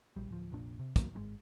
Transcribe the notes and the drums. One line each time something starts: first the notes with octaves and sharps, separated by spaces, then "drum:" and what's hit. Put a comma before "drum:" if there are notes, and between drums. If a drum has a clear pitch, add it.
A#1 G3
D1 F3
F1 A#1 A#2 D4
C3
C#2 D#3 F#3 A#3, drum: kick, hi-hat
G#1 E3 G#3